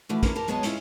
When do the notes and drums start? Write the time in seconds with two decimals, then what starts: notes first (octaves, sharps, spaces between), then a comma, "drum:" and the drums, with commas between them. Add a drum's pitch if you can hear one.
0.09 E3 F3 A3 F#4
0.23 E3 A#3 C#4 D4 A#4 B4, drum: kick, hi-hat
0.35 G4 A#4 A5
0.48 F#2 G#3 B3 C#5 D#5 A5
0.63 G#3 C#4 E4 F4, drum: hi-hat